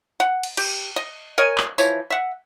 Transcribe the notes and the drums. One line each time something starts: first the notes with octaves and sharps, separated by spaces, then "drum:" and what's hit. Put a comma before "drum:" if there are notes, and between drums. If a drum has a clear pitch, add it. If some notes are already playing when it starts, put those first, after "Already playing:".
F#5
drum: cymbal
G4, drum: cymbal
D#5
A#4 C#5 D#5 G#5
drum: clap
E3 F3 C#5, drum: tambourine
E5 F#5